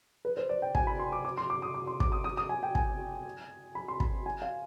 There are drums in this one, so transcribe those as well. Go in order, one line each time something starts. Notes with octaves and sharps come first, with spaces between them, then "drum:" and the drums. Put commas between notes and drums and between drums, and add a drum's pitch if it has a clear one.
B4
C5
D5
G5
G#5, drum: kick
B5
C6
D6
D6
C6
D6
D#6
D6
C6
D6, drum: kick
D#6
D#6
D#6
G#5
G5
G#5, drum: kick
B5
C6
B5, drum: kick
G#5
F5